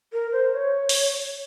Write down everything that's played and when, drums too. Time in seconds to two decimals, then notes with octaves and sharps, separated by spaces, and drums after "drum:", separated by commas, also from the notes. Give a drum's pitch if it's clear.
0.13 A#4
0.32 C5
0.52 C#5
0.89 drum: open hi-hat